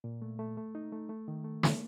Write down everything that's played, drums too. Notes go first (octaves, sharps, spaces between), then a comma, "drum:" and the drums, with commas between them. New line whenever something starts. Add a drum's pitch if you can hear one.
A#2
A3
A3
A3
D#4
A3
A3
D#3
A3
A#3, drum: snare